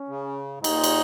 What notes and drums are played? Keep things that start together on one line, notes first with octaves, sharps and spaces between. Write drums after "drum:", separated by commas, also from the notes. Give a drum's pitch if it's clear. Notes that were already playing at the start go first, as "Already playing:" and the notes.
Already playing: C#4
C#3
G#2
A#2 D#4, drum: cymbal
drum: cymbal